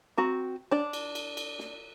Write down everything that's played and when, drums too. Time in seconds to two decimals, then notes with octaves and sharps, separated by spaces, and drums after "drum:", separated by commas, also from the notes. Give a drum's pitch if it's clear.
0.18 C4 F#4 A#5
0.71 D4 D5
0.93 drum: cymbal
1.15 drum: cymbal
1.37 drum: cymbal
1.59 drum: snare